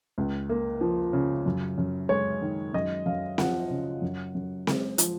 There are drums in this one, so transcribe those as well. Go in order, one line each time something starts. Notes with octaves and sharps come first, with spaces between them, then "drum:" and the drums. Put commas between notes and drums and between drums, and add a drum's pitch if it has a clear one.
C#2
A#3
F3
C#3
F#2
F#2
G#3 C#5
D#3
F#2 D#5
F#2 F5
F3 F#5, drum: snare C4
C#3
F#2
F#2
G#3, drum: snare C4
F3, drum: hi-hat